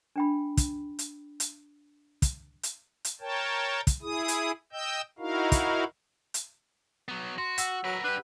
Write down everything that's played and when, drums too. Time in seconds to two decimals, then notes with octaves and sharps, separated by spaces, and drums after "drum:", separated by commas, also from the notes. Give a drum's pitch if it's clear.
0.16 D4 G5 B5
0.57 drum: kick, hi-hat
0.99 drum: hi-hat
1.40 drum: hi-hat
2.22 drum: kick, hi-hat
2.63 drum: hi-hat
3.05 drum: hi-hat
3.21 A#4 C#5 G5 A5
3.87 drum: kick, hi-hat
4.02 E4 G#4 D#6
4.28 drum: hi-hat
4.73 D#5 G5 E6 G6
5.19 D#4 E4 F#4 A#4 F5
5.52 drum: kick, hi-hat
6.34 drum: hi-hat
7.08 F#3 B3
7.38 F#4 C6
7.58 F#5 E6, drum: hi-hat
7.85 F#3 A#4 B4
8.04 D4 G4 B4